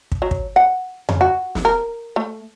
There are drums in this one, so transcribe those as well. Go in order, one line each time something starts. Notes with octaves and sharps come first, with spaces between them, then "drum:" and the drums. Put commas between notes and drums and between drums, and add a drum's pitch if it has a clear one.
drum: kick
F#3
drum: kick
F#5
C#3, drum: tom F2
F#4
drum: snare
A#4
A3